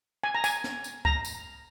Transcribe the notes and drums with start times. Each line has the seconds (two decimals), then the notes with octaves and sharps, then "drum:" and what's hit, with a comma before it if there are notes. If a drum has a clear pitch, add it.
0.24 G#5
0.35 A#5
0.44 G#5, drum: tambourine
0.64 drum: snare
0.84 drum: tambourine
1.05 A#5, drum: kick C#2
1.25 drum: tambourine